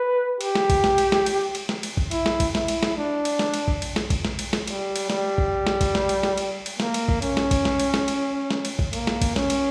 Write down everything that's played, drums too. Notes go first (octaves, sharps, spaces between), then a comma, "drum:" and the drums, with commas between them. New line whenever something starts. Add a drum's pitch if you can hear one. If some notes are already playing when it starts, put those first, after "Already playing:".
Already playing: B4
G4, drum: cymbal
drum: snare
drum: kick A1, cymbal
drum: snare
drum: cymbal
drum: snare
drum: cymbal
drum: cymbal
drum: snare
drum: cymbal
drum: kick A1
E4, drum: cymbal
drum: snare
drum: kick A1, cymbal
E4, drum: snare
drum: cymbal
drum: snare
D4
drum: cymbal
drum: snare
drum: cymbal
drum: kick A1
drum: cymbal
drum: snare
drum: kick A1, cymbal
drum: snare
drum: cymbal
drum: snare
G3, drum: cymbal
drum: cymbal
G3, drum: snare
drum: kick A1
drum: snare
drum: kick A1, cymbal
drum: snare
drum: cymbal
drum: snare
drum: cymbal
drum: cymbal
A#3, drum: snare
drum: cymbal
drum: kick A1
C#4, drum: cymbal
drum: snare
drum: kick A1, cymbal
drum: snare
drum: cymbal
drum: snare
drum: cymbal
drum: snare
drum: cymbal
drum: kick A1
A#3, drum: cymbal
drum: snare
drum: kick A1, cymbal
C#4, drum: snare
drum: cymbal